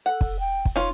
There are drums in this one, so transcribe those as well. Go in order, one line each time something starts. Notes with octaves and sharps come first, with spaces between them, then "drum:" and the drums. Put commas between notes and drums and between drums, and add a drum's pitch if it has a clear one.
A4 F#5
drum: kick
G5
drum: kick
C#4 D#4 F4